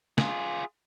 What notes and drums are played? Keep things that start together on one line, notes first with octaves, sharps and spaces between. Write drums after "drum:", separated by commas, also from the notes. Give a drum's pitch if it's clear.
F4 G#4, drum: snare